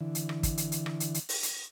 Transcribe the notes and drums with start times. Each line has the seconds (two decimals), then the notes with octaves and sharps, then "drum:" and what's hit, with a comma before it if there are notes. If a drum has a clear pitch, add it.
0.01 D3 E3
0.15 drum: hi-hat
0.29 drum: rim click
0.43 drum: kick, hi-hat
0.57 drum: hi-hat
0.72 drum: hi-hat
0.86 drum: rim click
1.00 drum: hi-hat
1.14 drum: hi-hat
1.29 drum: open hi-hat
1.43 drum: hi-hat